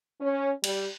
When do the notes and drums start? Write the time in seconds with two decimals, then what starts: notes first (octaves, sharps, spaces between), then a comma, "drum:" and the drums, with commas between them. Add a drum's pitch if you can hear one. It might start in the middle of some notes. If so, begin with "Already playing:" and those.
0.21 C#4
0.64 G3, drum: cymbal